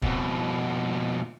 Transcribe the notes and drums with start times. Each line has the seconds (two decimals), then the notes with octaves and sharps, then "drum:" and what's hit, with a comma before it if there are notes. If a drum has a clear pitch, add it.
0.02 F2 B2, drum: kick